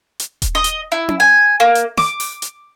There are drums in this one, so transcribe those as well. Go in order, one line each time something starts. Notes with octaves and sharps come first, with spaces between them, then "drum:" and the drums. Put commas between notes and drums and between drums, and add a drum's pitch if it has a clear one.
drum: hi-hat
drum: kick D#1, hi-hat
D#5
drum: hi-hat
E4
drum: tom C#4
G#5
A#3
drum: hi-hat
D6, drum: snare
drum: open hi-hat
drum: hi-hat